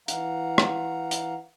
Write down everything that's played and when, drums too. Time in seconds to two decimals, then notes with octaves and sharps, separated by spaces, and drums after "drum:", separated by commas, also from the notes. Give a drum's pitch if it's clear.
0.08 E3 F5 F#5 A#5, drum: hi-hat
0.58 drum: rim click
1.11 drum: hi-hat